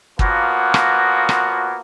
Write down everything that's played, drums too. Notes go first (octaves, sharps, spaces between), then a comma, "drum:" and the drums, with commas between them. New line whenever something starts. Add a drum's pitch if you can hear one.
A#2 F3 A#3 B3 F#4, drum: kick
drum: rim click
drum: rim click